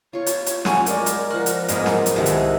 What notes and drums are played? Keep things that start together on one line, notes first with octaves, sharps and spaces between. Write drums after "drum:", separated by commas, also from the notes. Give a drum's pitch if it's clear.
F4 C#5 C#6
drum: hi-hat
drum: hi-hat
F4 C#5 F#5 G#5 C#6, drum: snare
G#3 A#4 D5, drum: hi-hat
drum: hi-hat
F3 F#4 C#6
drum: hi-hat
G#2 G#3 A#3 B3 D#5, drum: hi-hat
drum: snare
drum: hi-hat
C2 C3 D#3 G#3 E4 F#4 A4
drum: hi-hat